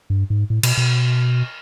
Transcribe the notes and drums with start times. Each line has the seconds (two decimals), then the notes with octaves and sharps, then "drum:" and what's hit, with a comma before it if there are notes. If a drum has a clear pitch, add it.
0.10 G2
0.30 G#2
0.50 A2
0.63 B2, drum: cymbal
0.77 B2